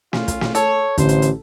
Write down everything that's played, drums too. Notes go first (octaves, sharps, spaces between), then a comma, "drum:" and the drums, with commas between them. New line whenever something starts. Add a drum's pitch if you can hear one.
C#4 F4, drum: snare
drum: kick, hi-hat
drum: snare
A4 C#5, drum: hi-hat
A1 D3 C5, drum: kick, hi-hat
drum: hi-hat
drum: hi-hat